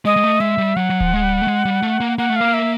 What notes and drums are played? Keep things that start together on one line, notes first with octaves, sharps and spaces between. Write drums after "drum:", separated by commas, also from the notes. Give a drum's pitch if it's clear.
G#3 D#5
G#3
A3
G#3 E5
G3
F#3 F#5
F#3
F3, drum: kick D1
G#3
G3
A3
G#3
G3
A3
A#3
A#3 F#5
A3
A#3 F5
E5